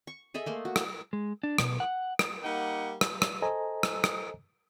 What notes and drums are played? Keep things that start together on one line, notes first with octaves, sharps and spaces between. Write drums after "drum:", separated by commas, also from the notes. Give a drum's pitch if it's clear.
C#6
G#4 A4 D#5 E5
A3 A#3 C6
F#4
drum: rim click
G#3
D4
B2, drum: rim click
F#5
drum: rim click
G3 A#3 D#4 F#5
drum: rim click
drum: rim click
A4 C5 D#5 G#5 A#5
drum: rim click
drum: rim click